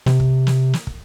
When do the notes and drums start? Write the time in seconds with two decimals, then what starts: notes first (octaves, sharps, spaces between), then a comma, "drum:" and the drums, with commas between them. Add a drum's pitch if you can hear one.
0.06 C3, drum: snare
0.20 drum: kick
0.47 drum: snare
0.73 drum: snare
0.87 drum: kick